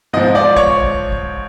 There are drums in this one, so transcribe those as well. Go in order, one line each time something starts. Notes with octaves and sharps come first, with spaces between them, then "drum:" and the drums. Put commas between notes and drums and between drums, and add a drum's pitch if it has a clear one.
G#2 F3 D#5
D5
C#5, drum: kick
drum: kick
drum: kick